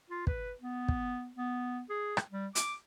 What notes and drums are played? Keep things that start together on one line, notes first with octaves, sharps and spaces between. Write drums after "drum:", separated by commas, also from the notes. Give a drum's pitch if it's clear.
F4
B4, drum: kick
B3
drum: kick
B3
G#4
drum: rim click
G3
D6, drum: hi-hat